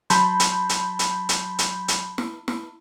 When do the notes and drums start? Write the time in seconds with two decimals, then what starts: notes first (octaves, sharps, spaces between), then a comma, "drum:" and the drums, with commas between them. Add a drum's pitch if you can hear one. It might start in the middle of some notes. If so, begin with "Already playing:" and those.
0.10 F#3 A5 B5 C6 G6, drum: hi-hat
0.40 drum: hi-hat
0.69 drum: hi-hat
0.99 drum: hi-hat
1.29 drum: hi-hat
1.59 drum: hi-hat
1.88 drum: hi-hat
2.18 drum: snare
2.48 drum: snare